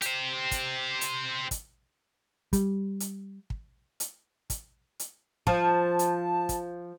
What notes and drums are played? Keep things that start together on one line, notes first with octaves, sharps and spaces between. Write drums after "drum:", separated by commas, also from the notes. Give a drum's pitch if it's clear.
G4 C5, drum: hi-hat
drum: kick, hi-hat
drum: hi-hat
drum: kick, hi-hat
G3, drum: kick, hi-hat
drum: hi-hat
drum: kick
drum: hi-hat
drum: kick, hi-hat
drum: hi-hat
F3 A5, drum: kick
drum: hi-hat
drum: kick, hi-hat